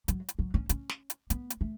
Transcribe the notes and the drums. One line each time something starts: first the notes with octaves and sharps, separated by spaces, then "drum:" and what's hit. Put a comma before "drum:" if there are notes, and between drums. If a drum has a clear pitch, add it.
F#3, drum: hi-hat
drum: hi-hat
F#3
C#4
C#4, drum: hi-hat
drum: snare
drum: hi-hat
B3, drum: hi-hat
drum: hi-hat
A3